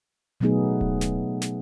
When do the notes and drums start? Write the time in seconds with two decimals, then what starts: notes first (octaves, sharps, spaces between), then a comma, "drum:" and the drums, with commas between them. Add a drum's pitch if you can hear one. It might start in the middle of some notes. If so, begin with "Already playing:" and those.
0.40 B2 F#3 A3 B3 D#4 G#4
0.81 drum: kick D1
1.01 drum: snare
1.42 drum: snare